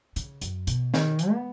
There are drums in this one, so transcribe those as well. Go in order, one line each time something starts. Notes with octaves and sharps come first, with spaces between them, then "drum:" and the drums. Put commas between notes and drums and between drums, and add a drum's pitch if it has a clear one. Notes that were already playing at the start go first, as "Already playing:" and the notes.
C#3, drum: hi-hat
F#2, drum: hi-hat
B2, drum: hi-hat
D#3, drum: snare
drum: hi-hat
B3